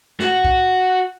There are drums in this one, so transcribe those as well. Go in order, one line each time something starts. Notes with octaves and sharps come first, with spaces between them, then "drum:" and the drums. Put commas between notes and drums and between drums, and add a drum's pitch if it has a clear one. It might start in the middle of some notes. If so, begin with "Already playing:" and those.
F#4 F#5, drum: snare
drum: kick B1